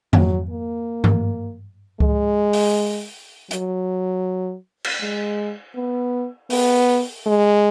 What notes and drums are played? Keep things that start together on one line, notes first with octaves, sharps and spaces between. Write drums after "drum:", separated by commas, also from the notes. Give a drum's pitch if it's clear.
F#3, drum: tom F2
A#3
drum: tom G2
G#3, drum: kick C#2
drum: open hi-hat
F#3, drum: hi-hat
drum: cymbal
G#3
B3
B3, drum: open hi-hat
G#3